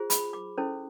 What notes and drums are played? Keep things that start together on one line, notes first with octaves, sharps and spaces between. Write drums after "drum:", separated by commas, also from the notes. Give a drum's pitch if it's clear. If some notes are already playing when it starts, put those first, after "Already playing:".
Already playing: F4 G#4 C5
B5, drum: hi-hat
D6
C#4 E4 A4 C5